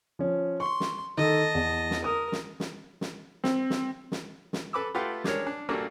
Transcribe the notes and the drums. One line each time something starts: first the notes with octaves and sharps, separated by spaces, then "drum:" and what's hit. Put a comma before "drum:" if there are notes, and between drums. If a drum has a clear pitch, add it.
F3 C#4
C6 C#6
drum: snare
D#3 A4 D#5 A5
E2
drum: snare
A#4 D#6
drum: snare
drum: snare
drum: snare
C4, drum: snare
drum: snare
drum: snare
drum: snare
A4 B4 B5 D6 E6
A3 F4 G4 B4 F#5 G5
G3 G#3 D4 A#4 C#5, drum: snare
D4
A#1 G3 A#3 D4 F#4 A4